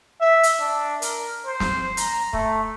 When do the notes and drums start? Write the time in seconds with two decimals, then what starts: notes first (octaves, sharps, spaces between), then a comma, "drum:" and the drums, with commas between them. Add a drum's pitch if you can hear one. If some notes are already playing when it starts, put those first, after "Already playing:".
0.21 E5
0.43 drum: hi-hat
0.60 D4
1.02 A#4, drum: hi-hat
1.46 C5
1.60 drum: snare
1.97 A#5, drum: hi-hat
2.33 A3, drum: kick